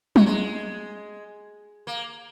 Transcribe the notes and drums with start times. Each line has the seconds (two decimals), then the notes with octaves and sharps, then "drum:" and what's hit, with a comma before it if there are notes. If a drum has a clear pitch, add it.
0.16 F#3, drum: tom F#3
0.26 G#3
1.87 A#3